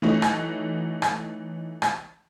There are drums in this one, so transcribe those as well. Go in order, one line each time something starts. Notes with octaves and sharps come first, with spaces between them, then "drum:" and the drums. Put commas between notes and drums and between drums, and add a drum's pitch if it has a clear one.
E3 F#3 A3 D#4 F#4
drum: rim click
drum: rim click
drum: rim click